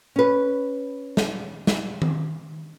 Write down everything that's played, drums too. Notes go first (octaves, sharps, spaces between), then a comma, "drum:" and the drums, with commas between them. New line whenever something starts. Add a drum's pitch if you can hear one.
C#4 B4
drum: snare
drum: snare
drum: tom D#3